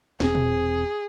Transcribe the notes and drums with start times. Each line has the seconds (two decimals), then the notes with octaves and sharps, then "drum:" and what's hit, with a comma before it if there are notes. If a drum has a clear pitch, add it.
0.20 E1 C4 G#4, drum: snare
0.35 drum: tom A#2